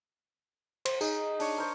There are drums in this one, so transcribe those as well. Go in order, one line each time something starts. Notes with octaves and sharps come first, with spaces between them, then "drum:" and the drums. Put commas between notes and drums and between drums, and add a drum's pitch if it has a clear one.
C5, drum: cymbal
D#4 G#4, drum: tambourine
D4 C#5, drum: open hi-hat
A#4 C5 C#5